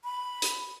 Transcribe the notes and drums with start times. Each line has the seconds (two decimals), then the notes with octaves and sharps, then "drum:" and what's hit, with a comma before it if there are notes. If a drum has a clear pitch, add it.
0.04 B5
0.42 drum: hi-hat